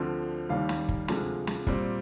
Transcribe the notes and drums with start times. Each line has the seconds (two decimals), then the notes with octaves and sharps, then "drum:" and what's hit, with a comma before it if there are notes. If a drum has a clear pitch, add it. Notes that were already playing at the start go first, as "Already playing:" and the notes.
Already playing: D2 D3 F3 C4
0.49 D#2 D#3 G3 F5
0.69 drum: snare
0.89 drum: kick
1.08 D2 C3 F3 G#3, drum: snare
1.47 drum: snare
1.67 A#2 G3 C4, drum: kick